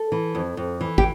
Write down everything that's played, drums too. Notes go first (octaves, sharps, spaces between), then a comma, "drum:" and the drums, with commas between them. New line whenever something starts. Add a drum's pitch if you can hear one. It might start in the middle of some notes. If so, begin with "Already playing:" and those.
Already playing: A4
E3
F2
F2
E3
G4, drum: kick